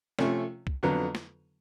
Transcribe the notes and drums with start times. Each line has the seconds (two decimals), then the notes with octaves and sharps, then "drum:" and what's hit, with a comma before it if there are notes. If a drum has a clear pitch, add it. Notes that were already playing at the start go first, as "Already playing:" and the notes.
0.19 C3 F3 A3 C#4, drum: snare
0.67 drum: kick
0.83 F2 D3 F#3 B3
1.15 drum: snare